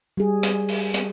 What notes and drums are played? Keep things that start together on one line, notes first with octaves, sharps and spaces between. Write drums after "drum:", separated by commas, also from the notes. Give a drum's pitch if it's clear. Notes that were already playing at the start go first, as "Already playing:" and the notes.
G3 G#4
drum: hi-hat
drum: open hi-hat
drum: hi-hat